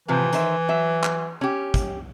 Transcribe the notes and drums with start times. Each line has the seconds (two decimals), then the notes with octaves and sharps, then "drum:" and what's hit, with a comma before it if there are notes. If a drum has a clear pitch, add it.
0.08 A2 C3 E3 F3
0.33 D#3 C5 E5, drum: hi-hat
0.69 F#3 E5
1.03 drum: clap
1.41 C#4 G4
1.74 drum: kick, hi-hat